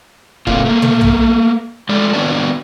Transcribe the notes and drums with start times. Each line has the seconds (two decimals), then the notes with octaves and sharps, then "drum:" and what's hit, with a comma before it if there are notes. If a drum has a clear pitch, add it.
0.47 G#2 C3 A3 A#3 F4, drum: kick C#1
0.65 A3 A#3
0.82 drum: tom
1.01 drum: tom
1.89 G#3 A3 D5
2.13 D#3 B3 D4 F#4 D5 A5